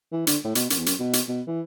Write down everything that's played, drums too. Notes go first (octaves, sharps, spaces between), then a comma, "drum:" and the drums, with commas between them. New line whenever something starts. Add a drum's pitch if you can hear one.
E3
D3, drum: hi-hat
A2
B2, drum: hi-hat
F#2, drum: hi-hat
E2
F#2, drum: hi-hat
B2
drum: hi-hat
B2
E3